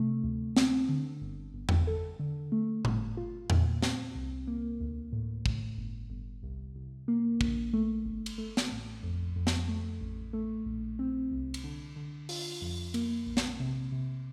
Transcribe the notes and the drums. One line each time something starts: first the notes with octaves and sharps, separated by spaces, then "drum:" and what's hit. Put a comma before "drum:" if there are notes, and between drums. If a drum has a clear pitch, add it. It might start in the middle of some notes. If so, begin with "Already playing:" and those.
Already playing: C3 A3
D2
C4, drum: snare
D3
G1
G1
drum: tom E2
A4
D3
A3
G1, drum: tom A2
F4
A#2, drum: tom E2
C4, drum: snare
C2
A#3
D2
A2
A2, drum: kick
G1
G1
C2
C2
A#3
A#1, drum: kick
A3
G1
drum: cymbal
A3
drum: snare
A1
F2
F2
drum: snare
A3
A1
A3
A#1
C4
C2
drum: cymbal
D3
D3
F4, drum: open hi-hat
F2
A#3, drum: cymbal
A#1
drum: snare
C3
C3